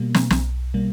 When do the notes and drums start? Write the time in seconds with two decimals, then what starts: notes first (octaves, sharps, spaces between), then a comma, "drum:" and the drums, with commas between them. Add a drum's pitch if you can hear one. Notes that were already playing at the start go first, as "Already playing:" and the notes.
Already playing: B2 G3 A#3
0.15 drum: snare
0.31 B1, drum: snare
0.74 B2 G3 A#3